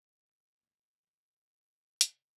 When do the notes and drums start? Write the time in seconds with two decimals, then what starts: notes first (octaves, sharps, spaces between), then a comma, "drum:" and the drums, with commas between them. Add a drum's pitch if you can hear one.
0.24 B2 D3 E3
0.55 D#2 A#2 E3 G#3 A#3
0.90 F#2 D#3 E3 G3
1.27 B1 C3 F3
1.64 E2
2.01 C3, drum: hi-hat